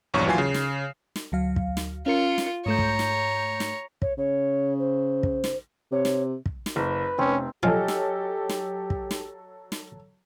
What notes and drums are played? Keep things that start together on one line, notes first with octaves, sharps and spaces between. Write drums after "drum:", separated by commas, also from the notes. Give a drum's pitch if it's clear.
A#1 E2 G2 C#5 C#6
D#2 E3 F#3 F4 G#5 C7
C#3
drum: snare
drum: snare
D2 F#3 F5
drum: kick
drum: snare
C#4 F4 A#4 C#7
drum: snare
G#2 A3 C#5 A#5 G6
drum: kick
drum: snare
drum: snare
C#5, drum: kick
C#3 C#5
C5
drum: kick
drum: snare
C3 C#5
drum: snare
drum: kick
drum: snare
F#1 B4
F1 C4 C#4
F3 F#3 G4 A4 D#5 G#5 F6
drum: snare
drum: snare
drum: kick
drum: snare
drum: snare